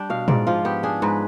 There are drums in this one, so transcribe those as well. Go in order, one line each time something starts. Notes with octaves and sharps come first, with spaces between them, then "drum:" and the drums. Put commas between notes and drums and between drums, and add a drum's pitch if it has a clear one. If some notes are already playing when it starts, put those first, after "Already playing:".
Already playing: G3 D4 G5
B2 F5
G#2 D5, drum: tom A#2
F3 F4
B3 G4
D4 G#4
G#2 B4